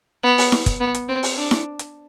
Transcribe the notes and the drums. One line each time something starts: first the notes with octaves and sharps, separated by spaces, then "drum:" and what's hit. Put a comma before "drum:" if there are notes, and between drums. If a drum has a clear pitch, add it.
B3
drum: open hi-hat
drum: snare E4
drum: kick, hi-hat
B3
drum: hi-hat
C4
drum: open hi-hat
D4
drum: snare E4
drum: hi-hat